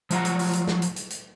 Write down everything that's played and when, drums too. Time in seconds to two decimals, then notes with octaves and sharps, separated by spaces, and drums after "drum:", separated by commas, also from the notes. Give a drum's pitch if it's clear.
0.10 F3 F#3 F4 E5 F#5 A#5, drum: hi-hat
0.25 drum: hi-hat
0.39 drum: open hi-hat
0.53 drum: hi-hat
0.68 drum: snare
0.82 drum: hi-hat
0.96 drum: hi-hat
1.10 drum: hi-hat